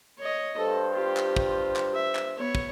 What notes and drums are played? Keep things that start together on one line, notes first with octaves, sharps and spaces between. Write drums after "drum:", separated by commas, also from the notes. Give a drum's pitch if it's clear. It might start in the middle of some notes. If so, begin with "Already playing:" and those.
C#5 D#5
G2 A4 C5
F4 G4
drum: clap
drum: kick
drum: clap
E5
drum: clap
B3 C#5
drum: kick